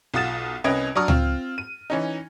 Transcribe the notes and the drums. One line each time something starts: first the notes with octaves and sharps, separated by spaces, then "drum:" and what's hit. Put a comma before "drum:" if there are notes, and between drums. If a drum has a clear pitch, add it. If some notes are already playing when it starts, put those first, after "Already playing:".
B1 F4 F#5 D#6 A6 E7
C2 C#4 B4 D#5 G#6 D7
F#3 D4 A#5 C#6 D#6 F6
C4 F4, drum: tom C#2
D#7
E3 C#4 D#4